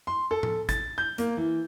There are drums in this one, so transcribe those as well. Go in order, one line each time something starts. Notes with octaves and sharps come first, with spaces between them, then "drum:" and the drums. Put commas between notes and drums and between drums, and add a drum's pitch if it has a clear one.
C6
A4
drum: tom A2
A6, drum: kick, hi-hat
G6
A#3, drum: hi-hat
E3